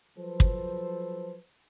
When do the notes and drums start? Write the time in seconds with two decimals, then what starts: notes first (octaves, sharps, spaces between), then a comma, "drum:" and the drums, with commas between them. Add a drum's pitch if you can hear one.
0.17 F3 F#3 A4 B4 C5
0.40 drum: kick